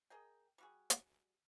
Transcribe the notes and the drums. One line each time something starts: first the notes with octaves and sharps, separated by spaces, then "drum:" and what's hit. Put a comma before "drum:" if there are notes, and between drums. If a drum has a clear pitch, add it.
G#4 A#4 D#5 G5
G3 F#4 G#4
drum: hi-hat